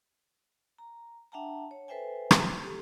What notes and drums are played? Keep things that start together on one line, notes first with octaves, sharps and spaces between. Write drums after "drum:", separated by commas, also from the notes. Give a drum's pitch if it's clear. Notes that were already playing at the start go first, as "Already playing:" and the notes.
A#5
D4 E5 F#5 G5 A5 A#5
C#5
A4 B4 C5 E5 G5 G#5
drum: rim click
G4 A4